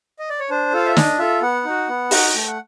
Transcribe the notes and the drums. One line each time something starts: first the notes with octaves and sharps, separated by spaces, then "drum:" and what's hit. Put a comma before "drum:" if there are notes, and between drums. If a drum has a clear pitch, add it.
D#5
D5
C#5
D4 C5
F4 A4 F5
E5
D4 D#5, drum: snare
F4 A4 E5
B3 F#5
D#4 F#4
B3
D#4 F#4, drum: open hi-hat
A3 G5
F#5